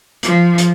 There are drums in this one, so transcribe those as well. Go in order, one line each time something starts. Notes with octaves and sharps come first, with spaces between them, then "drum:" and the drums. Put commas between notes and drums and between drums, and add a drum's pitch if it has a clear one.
F3, drum: hi-hat
drum: hi-hat